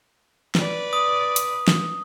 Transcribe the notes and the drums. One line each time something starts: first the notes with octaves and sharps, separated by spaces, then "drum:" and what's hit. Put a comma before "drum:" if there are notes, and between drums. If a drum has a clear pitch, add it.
B4 D5, drum: snare
D#6
drum: hi-hat
drum: snare